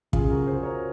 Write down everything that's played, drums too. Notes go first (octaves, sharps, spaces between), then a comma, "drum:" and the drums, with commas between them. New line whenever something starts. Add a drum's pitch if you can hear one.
C#3 F4 G#4, drum: kick
F#4 A#4
G#4 C5
A#4 C#5